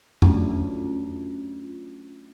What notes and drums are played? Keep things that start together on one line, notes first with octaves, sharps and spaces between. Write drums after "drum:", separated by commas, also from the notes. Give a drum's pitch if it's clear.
F#3 A3 C#4 D4 F4, drum: tom F2